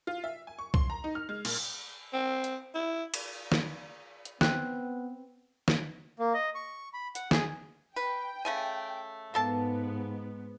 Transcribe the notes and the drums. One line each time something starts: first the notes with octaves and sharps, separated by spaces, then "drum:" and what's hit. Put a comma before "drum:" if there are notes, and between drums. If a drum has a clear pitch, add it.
F4
E5
G#5
C#6
C6, drum: kick B1
A#5
D#4
F6
G#3
A#2, drum: cymbal
C4
drum: hi-hat
E4
drum: cymbal
drum: snare
drum: hi-hat
B3 C4 F#6, drum: snare
drum: snare
A#3
D#5
C#6
B5
F#5, drum: hi-hat
G#4, drum: snare
B4 G5
C#3 A3 G#5
G#2 A#3 B3 A4 A5